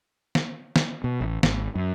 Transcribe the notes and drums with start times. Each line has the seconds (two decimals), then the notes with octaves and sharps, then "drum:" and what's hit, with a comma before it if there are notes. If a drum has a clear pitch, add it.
0.35 drum: snare
0.76 drum: snare
1.04 B2
1.21 A1
1.43 G#1, drum: snare
1.75 F#2